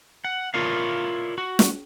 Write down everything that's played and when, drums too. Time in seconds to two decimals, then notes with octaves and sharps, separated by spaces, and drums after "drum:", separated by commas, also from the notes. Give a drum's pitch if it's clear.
0.25 F#5
0.54 E4 F4 A#4 C#5 D5 F5
1.38 F#4
1.59 drum: snare